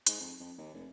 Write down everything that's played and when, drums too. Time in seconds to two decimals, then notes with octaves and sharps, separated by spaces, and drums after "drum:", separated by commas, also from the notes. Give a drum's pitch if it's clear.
0.07 G#2, drum: hi-hat
0.21 F2
0.40 F2
0.58 D#2
0.74 F1